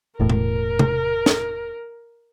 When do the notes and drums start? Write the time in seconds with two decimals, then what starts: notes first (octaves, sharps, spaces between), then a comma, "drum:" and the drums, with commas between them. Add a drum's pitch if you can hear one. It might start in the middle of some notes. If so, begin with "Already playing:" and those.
0.20 E1 A2 A#4
0.30 drum: tom C3
0.79 drum: tom C3
1.26 drum: snare